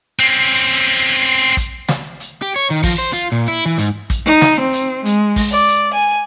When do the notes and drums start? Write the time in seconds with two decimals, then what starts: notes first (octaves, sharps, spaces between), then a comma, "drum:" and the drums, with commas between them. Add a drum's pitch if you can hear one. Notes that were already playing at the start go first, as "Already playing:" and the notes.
0.19 C4 C#4
1.25 drum: hi-hat
1.57 drum: kick, hi-hat
1.89 drum: snare
2.20 drum: hi-hat
2.42 G4
2.56 C#5
2.70 D#3
2.83 F3, drum: kick, open hi-hat
2.98 C5
3.13 F4, drum: hi-hat
3.32 A#2
3.48 E4
3.66 E3
3.78 G#2, drum: hi-hat
4.10 drum: kick, hi-hat
4.26 D#4
4.41 drum: snare
4.60 C4
4.73 drum: hi-hat
5.05 G#3, drum: hi-hat
5.36 drum: kick, open hi-hat
5.52 D5
5.68 drum: hi-hat
5.93 G#5